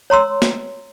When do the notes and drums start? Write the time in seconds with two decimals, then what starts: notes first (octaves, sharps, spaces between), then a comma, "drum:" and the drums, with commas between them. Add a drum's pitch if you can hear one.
0.10 C#5 A#5 C6 E6
0.42 drum: snare